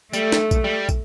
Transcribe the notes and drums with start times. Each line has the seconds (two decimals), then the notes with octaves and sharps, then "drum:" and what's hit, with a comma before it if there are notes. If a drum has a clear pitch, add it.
0.13 G3 A3, drum: tambourine
0.32 drum: snare
0.51 drum: kick, tambourine
0.64 G3
0.89 drum: kick, tambourine